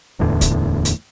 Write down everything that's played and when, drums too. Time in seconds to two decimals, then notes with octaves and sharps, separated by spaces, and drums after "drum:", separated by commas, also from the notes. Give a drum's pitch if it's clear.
0.19 D1 E2 A2 D3
0.41 drum: kick, hi-hat
0.85 drum: hi-hat